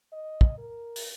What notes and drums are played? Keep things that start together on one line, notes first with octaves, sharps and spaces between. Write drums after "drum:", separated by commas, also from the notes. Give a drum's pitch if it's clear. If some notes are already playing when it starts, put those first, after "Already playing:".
D#5
drum: kick
A#4
drum: open hi-hat